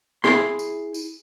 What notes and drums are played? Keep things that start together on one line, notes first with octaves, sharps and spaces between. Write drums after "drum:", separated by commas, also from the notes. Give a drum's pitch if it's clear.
E4 G#4 C6, drum: snare
drum: tambourine
drum: tambourine